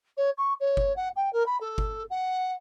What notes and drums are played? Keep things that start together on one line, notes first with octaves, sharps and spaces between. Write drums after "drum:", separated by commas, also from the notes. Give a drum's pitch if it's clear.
C#5
C#6
C#5
drum: kick G1
F#5
G5
A#4
B5
A4
drum: kick G1
F#5